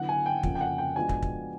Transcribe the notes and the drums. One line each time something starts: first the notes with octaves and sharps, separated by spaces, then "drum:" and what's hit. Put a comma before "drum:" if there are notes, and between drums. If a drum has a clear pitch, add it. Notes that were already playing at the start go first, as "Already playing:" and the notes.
Already playing: D3 F#3 B3 E4 F#5
G#5
G5
F2 C#3 F3 A#3, drum: kick
G5
F#5
G5
F3 G#3 B3 D4 F#4 G#5
drum: kick
drum: kick